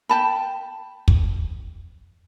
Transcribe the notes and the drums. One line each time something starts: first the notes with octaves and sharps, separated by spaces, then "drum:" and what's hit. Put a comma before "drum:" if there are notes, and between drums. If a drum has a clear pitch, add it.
G5 A5 B5
drum: kick